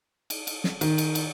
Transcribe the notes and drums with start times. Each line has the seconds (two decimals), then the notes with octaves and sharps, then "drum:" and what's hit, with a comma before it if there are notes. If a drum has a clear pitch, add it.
0.30 drum: cymbal
0.47 drum: cymbal
0.64 drum: snare
0.81 D#3, drum: cymbal
0.98 drum: cymbal
1.15 drum: cymbal